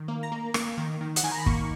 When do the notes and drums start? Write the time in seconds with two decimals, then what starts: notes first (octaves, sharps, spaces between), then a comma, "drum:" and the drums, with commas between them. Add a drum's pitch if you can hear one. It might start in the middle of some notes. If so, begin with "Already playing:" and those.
Already playing: D#3
0.08 A#3
0.23 A#5
0.32 A#3
0.54 A#3, drum: rim click
0.78 D#3
1.01 D#3
1.16 F#5, drum: hi-hat
1.23 D#3 G#5
1.32 A#5
1.39 B5
1.46 A#3 C#6, drum: kick